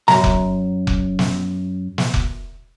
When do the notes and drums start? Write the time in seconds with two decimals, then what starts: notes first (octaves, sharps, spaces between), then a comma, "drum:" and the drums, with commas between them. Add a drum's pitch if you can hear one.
0.08 F#2 A#5, drum: snare
0.24 drum: kick F1
0.87 drum: kick F1
1.19 drum: snare
1.98 drum: snare
2.14 drum: kick F1